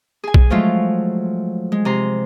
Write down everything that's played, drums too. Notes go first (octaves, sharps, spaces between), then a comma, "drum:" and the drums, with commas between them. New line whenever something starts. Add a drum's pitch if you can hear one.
G#4 G#5
drum: kick
F3 F#3 G#3 A3 F4
G#3
C3 A#5 C6